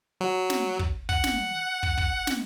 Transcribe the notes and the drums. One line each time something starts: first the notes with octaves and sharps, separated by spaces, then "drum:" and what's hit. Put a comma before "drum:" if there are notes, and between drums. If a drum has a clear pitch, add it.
F#3
drum: snare
drum: kick
F#5, drum: kick
drum: snare
drum: kick
drum: kick
drum: snare